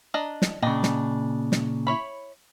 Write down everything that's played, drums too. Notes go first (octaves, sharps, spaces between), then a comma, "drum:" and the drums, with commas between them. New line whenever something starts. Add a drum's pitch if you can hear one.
D4 D#5 A#5
drum: snare
A#2 C#3 D4 D#5 G5
drum: snare
drum: snare
E4 C#5 B5